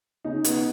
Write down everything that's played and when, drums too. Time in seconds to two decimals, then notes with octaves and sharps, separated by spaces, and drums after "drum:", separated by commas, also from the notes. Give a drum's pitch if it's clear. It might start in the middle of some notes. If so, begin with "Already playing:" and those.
0.25 C#3 D#4
0.44 B3, drum: hi-hat